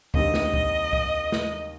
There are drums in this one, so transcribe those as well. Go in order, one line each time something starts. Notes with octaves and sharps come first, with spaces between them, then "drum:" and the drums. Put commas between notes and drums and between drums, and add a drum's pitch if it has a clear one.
D#2 D3 G3 C4 G4 D#5, drum: kick C2
drum: snare
drum: kick C2
drum: kick C2
drum: snare